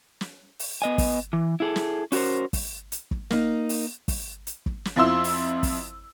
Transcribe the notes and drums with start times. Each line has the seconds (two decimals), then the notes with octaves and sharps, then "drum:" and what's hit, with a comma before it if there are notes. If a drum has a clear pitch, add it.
0.21 drum: snare
0.59 drum: open hi-hat
0.82 B3 D#5 G#5
0.98 drum: kick, open hi-hat
1.33 E3
1.60 E4 G#4 A4
1.76 drum: snare
2.12 C#4 F#4 G4 A#4 C5, drum: open hi-hat
2.53 drum: kick, open hi-hat
2.92 drum: hi-hat
3.11 drum: kick
3.31 A#3 D#4, drum: snare
3.69 drum: open hi-hat
4.08 drum: kick, open hi-hat
4.47 drum: hi-hat
4.66 drum: kick
4.85 drum: snare
4.96 F2 F3 E4 C6 E6
5.24 drum: open hi-hat
5.63 drum: kick, open hi-hat